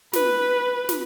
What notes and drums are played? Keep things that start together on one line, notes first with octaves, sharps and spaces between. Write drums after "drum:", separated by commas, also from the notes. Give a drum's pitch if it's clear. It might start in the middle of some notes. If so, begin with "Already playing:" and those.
B4, drum: snare
drum: snare